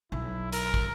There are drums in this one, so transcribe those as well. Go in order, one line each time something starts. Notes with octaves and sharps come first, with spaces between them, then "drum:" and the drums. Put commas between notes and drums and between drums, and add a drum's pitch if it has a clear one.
B1 E4
A#4, drum: hi-hat
drum: kick